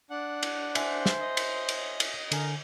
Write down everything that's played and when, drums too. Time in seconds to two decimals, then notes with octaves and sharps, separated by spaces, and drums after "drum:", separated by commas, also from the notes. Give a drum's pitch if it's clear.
0.10 D4 F#5
0.43 drum: cymbal
0.75 C5 E5 G#5, drum: cymbal
1.06 drum: snare
1.21 D#5
1.37 drum: cymbal
1.69 drum: cymbal
2.00 drum: cymbal
2.32 D3 A#4 G#5, drum: cymbal